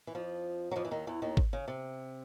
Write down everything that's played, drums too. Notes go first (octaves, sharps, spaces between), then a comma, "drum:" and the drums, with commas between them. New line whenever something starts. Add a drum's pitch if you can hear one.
E3
F2 F3
F#3
F2 F3
E3
D#2 D#3
E2 E3
D#2 D#3
drum: kick
C#3
C3